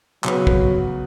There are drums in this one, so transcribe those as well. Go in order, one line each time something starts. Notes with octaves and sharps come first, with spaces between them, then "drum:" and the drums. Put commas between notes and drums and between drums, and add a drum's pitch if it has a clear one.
C#3 F#3 B3 F#4 B4, drum: clap
drum: kick